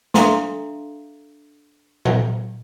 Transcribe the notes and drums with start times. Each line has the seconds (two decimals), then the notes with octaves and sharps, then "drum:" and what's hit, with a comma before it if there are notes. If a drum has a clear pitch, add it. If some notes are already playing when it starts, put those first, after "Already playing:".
0.14 D4 A4 E5 F5 A#5 C6, drum: snare
2.05 drum: tom A#2